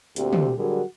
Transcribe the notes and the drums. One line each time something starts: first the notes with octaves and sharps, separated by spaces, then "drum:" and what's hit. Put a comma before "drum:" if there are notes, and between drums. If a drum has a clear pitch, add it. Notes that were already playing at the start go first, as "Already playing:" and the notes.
D2 A#2 C4 G4, drum: hi-hat
drum: tom
D3 F#3 G3 F#4 G#4 A#4